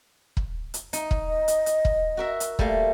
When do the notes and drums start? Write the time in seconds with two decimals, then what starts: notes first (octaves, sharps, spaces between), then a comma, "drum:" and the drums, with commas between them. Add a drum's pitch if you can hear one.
0.37 drum: kick
0.74 drum: hi-hat
0.93 D#4, drum: hi-hat
1.11 drum: kick
1.27 D#5
1.48 drum: hi-hat
1.66 drum: hi-hat
1.85 drum: kick
2.17 F#4 A#4 E5
2.40 drum: hi-hat
2.59 G3 A3 A#3, drum: kick